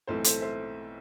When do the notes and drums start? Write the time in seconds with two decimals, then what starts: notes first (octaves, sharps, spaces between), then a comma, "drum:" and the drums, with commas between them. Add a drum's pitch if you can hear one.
0.07 B1 A2 E3 A3 C4 A4 C5
0.24 A4 C5, drum: hi-hat
0.41 C5 E5